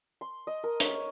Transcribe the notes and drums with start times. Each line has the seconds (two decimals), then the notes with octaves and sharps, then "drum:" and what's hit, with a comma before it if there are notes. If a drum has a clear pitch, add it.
0.21 C6
0.47 D#5
0.64 A#4
0.80 C#5, drum: hi-hat